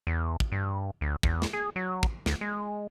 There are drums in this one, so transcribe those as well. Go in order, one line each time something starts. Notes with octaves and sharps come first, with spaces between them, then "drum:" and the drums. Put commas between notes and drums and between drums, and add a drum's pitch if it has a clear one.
E2
drum: kick
G2
D2
E2, drum: kick
drum: snare
G#4
F#3
drum: kick
D2, drum: snare
G#3